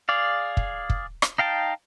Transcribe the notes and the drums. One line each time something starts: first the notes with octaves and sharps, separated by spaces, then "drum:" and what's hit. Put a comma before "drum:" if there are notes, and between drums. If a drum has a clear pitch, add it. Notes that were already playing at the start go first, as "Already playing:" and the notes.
G#4 D5 F5
drum: kick
drum: kick
drum: rim click
D#4 F5 G5 A5